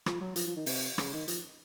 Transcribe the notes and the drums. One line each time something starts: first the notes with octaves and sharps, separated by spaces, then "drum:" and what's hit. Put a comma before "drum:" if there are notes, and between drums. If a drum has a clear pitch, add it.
F3, drum: rim click
F#3
F3, drum: hi-hat
F3
D#3
C3, drum: open hi-hat
C#3, drum: rim click
D#3
F3, drum: hi-hat